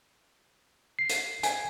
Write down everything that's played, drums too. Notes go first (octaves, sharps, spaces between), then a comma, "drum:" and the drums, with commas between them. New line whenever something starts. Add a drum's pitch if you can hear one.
C7
drum: hi-hat
G#5, drum: hi-hat